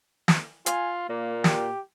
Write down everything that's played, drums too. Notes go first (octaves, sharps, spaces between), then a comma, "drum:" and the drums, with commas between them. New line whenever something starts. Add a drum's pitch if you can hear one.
drum: snare
F4 G#5, drum: hi-hat
A#2 A#3
G4, drum: snare